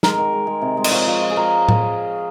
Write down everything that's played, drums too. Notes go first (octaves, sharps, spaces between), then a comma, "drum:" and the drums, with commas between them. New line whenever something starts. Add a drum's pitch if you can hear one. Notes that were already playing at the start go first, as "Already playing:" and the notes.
G#3 A#4, drum: snare
D#3
G#3
G#3
C3
G#3
D#5, drum: cymbal
F3 C#5
F3
F3
G#4
F3 A#4
drum: tom A2